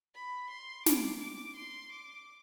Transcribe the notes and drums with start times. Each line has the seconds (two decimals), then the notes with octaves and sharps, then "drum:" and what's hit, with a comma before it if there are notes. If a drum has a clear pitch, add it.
0.15 B5
0.51 C6
0.86 D6, drum: snare
1.21 D6
1.57 C6
1.92 D6